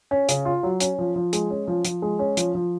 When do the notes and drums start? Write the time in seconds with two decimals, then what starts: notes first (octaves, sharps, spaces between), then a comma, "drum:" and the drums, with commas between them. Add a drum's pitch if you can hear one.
0.11 C#4
0.29 C#3, drum: hi-hat
0.45 F4
0.63 F#3
0.80 C#4, drum: hi-hat
0.99 F3
1.16 F3
1.33 G#3, drum: hi-hat
1.50 C#4
1.68 F3
1.85 F3, drum: hi-hat
2.02 G#3
2.19 C#4
2.37 F3, drum: hi-hat
2.55 F3